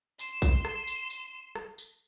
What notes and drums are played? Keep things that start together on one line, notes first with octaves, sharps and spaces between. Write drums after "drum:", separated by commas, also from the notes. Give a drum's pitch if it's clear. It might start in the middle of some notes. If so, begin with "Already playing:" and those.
C6 E7, drum: tambourine
drum: kick A#1, tambourine
drum: rim click
drum: tambourine
drum: tambourine
drum: rim click
drum: tambourine